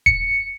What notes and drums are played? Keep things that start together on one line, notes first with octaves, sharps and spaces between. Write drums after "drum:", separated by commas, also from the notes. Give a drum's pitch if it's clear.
C#7, drum: kick D#1